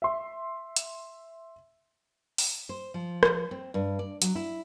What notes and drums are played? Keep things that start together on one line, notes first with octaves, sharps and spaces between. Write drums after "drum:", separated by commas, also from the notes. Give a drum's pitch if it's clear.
E5 C6
drum: hi-hat
drum: open hi-hat
C5
F3
drum: rim click
C4
G2
D5
F#3, drum: hi-hat
E4